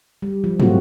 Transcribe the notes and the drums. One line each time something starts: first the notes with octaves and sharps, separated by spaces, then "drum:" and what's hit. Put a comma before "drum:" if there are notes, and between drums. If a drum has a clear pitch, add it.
G3
F3
F#3 G3 A3 C4 F4 F#4, drum: tom